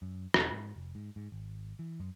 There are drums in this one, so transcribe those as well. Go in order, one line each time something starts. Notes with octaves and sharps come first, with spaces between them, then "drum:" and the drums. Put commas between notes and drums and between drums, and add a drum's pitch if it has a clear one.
F#2
E1, drum: rim click
G#2
F1
G#2
G#2
G#1
E3
F#2